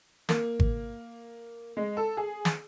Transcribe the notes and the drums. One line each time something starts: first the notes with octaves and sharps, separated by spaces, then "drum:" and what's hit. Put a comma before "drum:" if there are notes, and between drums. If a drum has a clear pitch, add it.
A#3, drum: snare
drum: kick G#1
G#3
A4
G#4
drum: snare